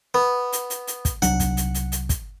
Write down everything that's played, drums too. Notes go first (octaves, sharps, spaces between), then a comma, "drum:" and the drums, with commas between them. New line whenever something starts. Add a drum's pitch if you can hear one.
B3
drum: hi-hat
drum: hi-hat
drum: hi-hat
drum: kick, hi-hat
C2 F#3 D4 F#5, drum: hi-hat
drum: kick, hi-hat
drum: hi-hat
drum: hi-hat
drum: hi-hat
drum: kick, hi-hat